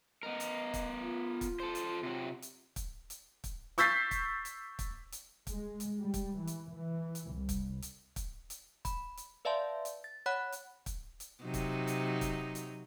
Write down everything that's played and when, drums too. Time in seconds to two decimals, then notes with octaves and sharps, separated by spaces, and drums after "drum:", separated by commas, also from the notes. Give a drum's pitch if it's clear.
0.23 B3 A#4 D#5
0.40 drum: hi-hat
0.74 drum: kick, hi-hat
1.00 F4
1.41 drum: kick, hi-hat
1.60 A4 C5
1.75 drum: hi-hat
2.03 C3 F#3
2.42 drum: hi-hat
2.76 drum: kick, hi-hat
3.10 drum: hi-hat
3.44 drum: kick, hi-hat
3.78 C#6 E6 G6 A6 B6 C7, drum: hi-hat
4.11 drum: kick, hi-hat
4.45 drum: hi-hat
4.79 drum: kick, hi-hat
5.12 drum: hi-hat
5.47 G#3, drum: kick, hi-hat
5.80 drum: hi-hat
6.00 G3
6.14 drum: kick, hi-hat
6.38 E3
6.47 drum: hi-hat
6.77 E3
7.15 drum: hi-hat
7.32 C2
7.49 drum: kick, hi-hat
7.82 drum: hi-hat
8.16 drum: kick, hi-hat
8.50 drum: hi-hat
8.85 B5, drum: kick, hi-hat
9.17 drum: hi-hat
9.45 B4 D5 E5 F5 A5 C6
9.85 drum: hi-hat
10.04 A6
10.26 C#5 F#5 B5 F#6
10.52 drum: hi-hat
10.86 drum: kick, hi-hat
11.20 drum: hi-hat
11.43 C3 F#3 D#4
11.54 drum: kick, hi-hat
11.87 drum: hi-hat
12.21 drum: kick, hi-hat
12.55 drum: hi-hat